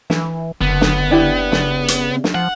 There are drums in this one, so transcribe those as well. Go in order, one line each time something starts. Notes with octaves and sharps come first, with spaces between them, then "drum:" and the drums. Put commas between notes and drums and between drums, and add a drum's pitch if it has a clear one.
E3, drum: snare
F#1 D3 B3
drum: snare
D4 E4 G4
C#3, drum: snare
drum: hi-hat
drum: snare
F3 F#5